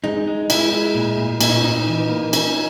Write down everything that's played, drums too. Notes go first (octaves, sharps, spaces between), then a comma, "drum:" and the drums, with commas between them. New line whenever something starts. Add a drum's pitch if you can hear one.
G#3 D#4
G#3
G#3 E4, drum: cymbal
G#3
A#2
A#2
A#2 E4, drum: cymbal
D#4
C#4
A#2 D#4
E3
A#3
C#4 D#4, drum: cymbal